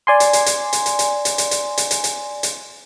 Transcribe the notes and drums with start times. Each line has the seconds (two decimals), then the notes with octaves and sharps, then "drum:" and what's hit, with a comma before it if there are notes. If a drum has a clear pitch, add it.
0.07 D5 G#5 C6
0.20 drum: hi-hat
0.33 drum: hi-hat
0.46 drum: hi-hat
0.73 drum: hi-hat
0.86 drum: hi-hat
0.99 drum: hi-hat
1.25 drum: hi-hat
1.38 drum: hi-hat
1.51 drum: hi-hat
1.78 drum: hi-hat
1.91 drum: hi-hat
2.04 drum: hi-hat
2.43 drum: hi-hat